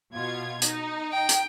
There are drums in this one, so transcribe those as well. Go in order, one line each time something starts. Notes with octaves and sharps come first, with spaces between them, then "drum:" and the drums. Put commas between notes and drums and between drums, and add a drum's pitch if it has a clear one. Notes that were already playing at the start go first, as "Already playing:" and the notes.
B2 F4 G#6
D#4, drum: hi-hat
G5
drum: hi-hat